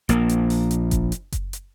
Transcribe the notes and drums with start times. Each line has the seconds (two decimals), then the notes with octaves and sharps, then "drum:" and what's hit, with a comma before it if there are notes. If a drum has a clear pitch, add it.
0.09 A#1 A#3, drum: hi-hat
0.29 drum: hi-hat
0.50 drum: open hi-hat
0.71 drum: hi-hat
0.91 drum: kick F#1, hi-hat
1.12 drum: hi-hat
1.32 drum: kick F#1, hi-hat
1.53 drum: hi-hat